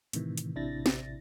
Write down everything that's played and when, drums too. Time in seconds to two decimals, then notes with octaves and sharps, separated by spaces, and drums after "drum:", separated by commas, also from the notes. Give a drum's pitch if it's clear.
0.13 A2 C3 D#3 E3, drum: hi-hat
0.38 drum: hi-hat
0.56 A1 C3 D4 E4 A6 A#6
0.86 drum: snare